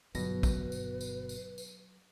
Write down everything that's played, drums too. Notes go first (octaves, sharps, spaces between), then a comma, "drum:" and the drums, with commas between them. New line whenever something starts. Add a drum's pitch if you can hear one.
G1 B2 F#3 B4 A#6, drum: tambourine
drum: kick A#1, tambourine
drum: tambourine
drum: tambourine
drum: tambourine
drum: tambourine